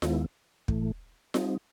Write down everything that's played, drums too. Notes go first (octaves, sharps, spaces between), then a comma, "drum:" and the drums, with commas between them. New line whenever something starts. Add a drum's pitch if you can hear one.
D#2 D#3 G#3 B3 E4, drum: snare F4
A2 E3 A3, drum: kick
G3 C4 D#4, drum: snare F4